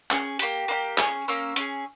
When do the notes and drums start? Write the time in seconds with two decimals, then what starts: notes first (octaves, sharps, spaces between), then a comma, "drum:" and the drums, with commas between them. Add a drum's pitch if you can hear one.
0.11 C#4 G#4, drum: clap
0.39 A#3 C#4 G4, drum: hi-hat
0.68 A#3 D#4 G4
0.98 C#4 G#4, drum: clap
1.28 A#3 C#4 E6
1.56 C#4 G#4, drum: hi-hat